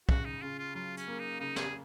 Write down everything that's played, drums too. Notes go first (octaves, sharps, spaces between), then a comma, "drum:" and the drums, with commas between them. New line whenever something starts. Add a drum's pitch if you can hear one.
C#3 F#4, drum: kick
D#4
C#3 F4
F4
F#3 F4
C#4, drum: hi-hat
A#3
D#4
C#3 D#4
G#4, drum: snare